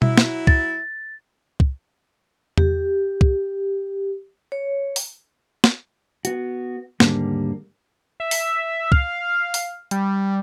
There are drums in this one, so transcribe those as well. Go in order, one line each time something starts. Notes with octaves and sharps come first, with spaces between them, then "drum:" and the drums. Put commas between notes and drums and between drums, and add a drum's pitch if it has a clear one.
F#3 E4, drum: tom B2
drum: snare
A6, drum: kick
drum: kick
G4, drum: tom E2
drum: kick
C#5
drum: open hi-hat
drum: snare
B3 F#4, drum: hi-hat
D#2 G#2 D3 G3 A#3, drum: snare
E5
drum: open hi-hat
F5, drum: kick
drum: open hi-hat
G3, drum: hi-hat